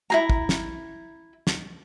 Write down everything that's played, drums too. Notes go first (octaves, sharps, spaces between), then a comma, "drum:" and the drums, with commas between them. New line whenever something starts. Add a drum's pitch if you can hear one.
E4 G#4 A#5
drum: kick
drum: snare
drum: snare